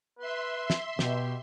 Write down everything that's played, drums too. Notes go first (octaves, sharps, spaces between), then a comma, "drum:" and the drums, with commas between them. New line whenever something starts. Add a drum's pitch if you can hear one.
B4 E5 C6
drum: snare
B2 G4, drum: snare